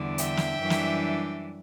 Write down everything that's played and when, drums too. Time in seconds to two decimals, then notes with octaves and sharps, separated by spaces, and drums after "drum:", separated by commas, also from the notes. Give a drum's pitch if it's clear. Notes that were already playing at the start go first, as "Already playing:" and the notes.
Already playing: E2 D3 G3 D4
0.18 E5 G5, drum: hi-hat
0.37 drum: snare
0.60 F#2 E3 G3 D4
0.70 drum: snare